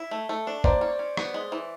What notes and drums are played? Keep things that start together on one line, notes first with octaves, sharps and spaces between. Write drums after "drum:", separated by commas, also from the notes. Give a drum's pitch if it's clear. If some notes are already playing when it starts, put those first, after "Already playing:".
Already playing: E4
A3
A3
D4
A#3 C5 D5, drum: kick
C#4
C#4
B3, drum: rim click
G#3
E3